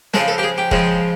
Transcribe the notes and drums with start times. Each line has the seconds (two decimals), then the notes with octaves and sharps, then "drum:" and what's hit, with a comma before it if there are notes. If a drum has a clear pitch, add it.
0.14 C#3 F3 G#3 A4, drum: snare
0.28 A4
0.38 G4
0.43 G#4
0.58 G4
0.71 C#3 F3 G#3, drum: kick